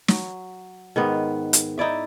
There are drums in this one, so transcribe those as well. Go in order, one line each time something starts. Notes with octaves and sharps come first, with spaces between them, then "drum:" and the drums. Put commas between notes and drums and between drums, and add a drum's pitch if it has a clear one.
F#3, drum: snare
G#2 D#3 B3
drum: hi-hat
D#4 E4 D5 E5